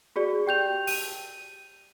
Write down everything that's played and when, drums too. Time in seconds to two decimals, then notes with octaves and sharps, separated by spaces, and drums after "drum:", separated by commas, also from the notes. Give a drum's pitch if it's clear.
0.16 F#4 G#4 D5
0.46 G4 G5 G6 F7
0.87 D#7, drum: open hi-hat